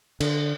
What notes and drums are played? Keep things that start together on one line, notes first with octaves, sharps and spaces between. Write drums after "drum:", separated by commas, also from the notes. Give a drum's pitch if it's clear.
D3, drum: cymbal